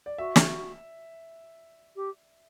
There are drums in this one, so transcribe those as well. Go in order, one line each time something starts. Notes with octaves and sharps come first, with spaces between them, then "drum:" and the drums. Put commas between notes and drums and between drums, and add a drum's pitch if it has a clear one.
D5
F#4 E5
drum: snare
G4